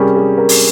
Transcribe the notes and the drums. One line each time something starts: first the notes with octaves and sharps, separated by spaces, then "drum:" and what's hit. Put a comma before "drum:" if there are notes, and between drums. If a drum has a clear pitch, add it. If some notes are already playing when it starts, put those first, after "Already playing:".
Already playing: C3 G3 C#4 G#4 A#4
G#4
A#4
drum: open hi-hat